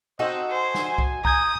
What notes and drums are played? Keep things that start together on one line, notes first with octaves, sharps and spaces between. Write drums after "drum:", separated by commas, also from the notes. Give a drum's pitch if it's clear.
C4 D#4 F#4 A4 C5 D#5
C5 G#5
drum: snare
drum: kick C2
A#5 D#6 G6 G#6, drum: kick C2